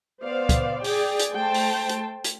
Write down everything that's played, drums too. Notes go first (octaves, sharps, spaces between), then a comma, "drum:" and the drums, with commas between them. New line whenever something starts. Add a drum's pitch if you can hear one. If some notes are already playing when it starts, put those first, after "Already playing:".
B3 C5 D5 F5
drum: kick, hi-hat
G#4 D5 G5 G#5, drum: open hi-hat
drum: hi-hat
A3 C5 G5 A5
drum: open hi-hat
drum: hi-hat
drum: hi-hat